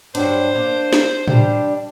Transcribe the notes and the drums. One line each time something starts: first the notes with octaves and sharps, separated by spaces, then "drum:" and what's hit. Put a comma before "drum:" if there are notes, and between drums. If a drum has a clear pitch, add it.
G2 F#3 D4 C5, drum: cymbal
A#3 D4
drum: snare
G3 D4, drum: tom A2